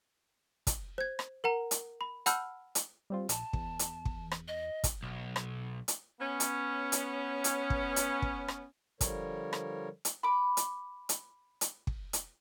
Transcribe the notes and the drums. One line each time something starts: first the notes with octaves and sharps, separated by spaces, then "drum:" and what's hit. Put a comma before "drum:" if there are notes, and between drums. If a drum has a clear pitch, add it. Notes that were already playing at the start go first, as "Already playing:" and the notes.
drum: kick, hi-hat
C5 G#6
drum: rim click
A#4 F#5 A#5
drum: hi-hat
B5
F#5 A5 B5 E6 F6 G6, drum: hi-hat
drum: hi-hat
G3 C4 F4
A#1 A5, drum: hi-hat
E2, drum: kick
drum: hi-hat
drum: kick
drum: rim click
D#5
drum: kick, hi-hat
B1
drum: rim click
drum: hi-hat
B3 C#4
drum: hi-hat
drum: hi-hat
drum: hi-hat
drum: kick
drum: hi-hat
drum: kick
drum: rim click
D3 F3 G3 A#4 C#5, drum: kick, hi-hat
drum: rim click
drum: hi-hat
B5 D6
drum: hi-hat
drum: hi-hat
drum: hi-hat
drum: kick
drum: hi-hat